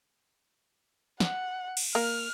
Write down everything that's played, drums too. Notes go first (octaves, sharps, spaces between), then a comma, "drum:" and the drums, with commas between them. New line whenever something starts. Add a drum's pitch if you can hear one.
F#5, drum: snare
drum: cymbal
A#3 F6